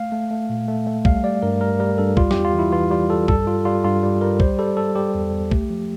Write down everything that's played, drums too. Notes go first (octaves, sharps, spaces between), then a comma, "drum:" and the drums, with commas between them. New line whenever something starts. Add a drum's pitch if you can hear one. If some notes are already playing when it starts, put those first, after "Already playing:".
Already playing: A3 F5
A3
A3
A#2
A3
A3
G3 F5, drum: kick
G3 D5
G2 A#4
G3 A#4
G3 A#4
G2 A4
G3 F4, drum: kick
E2 G4, drum: snare
F4
E3 E4
E3 F4
G3 F4
G3 A4
G2 A4, drum: kick
G3 F4
G3 F4
G2 F4
G3
G3 A#4
G3 C5, drum: kick
G3 A4
G3 A4
G3 G4
E2
E2
A3, drum: kick
F3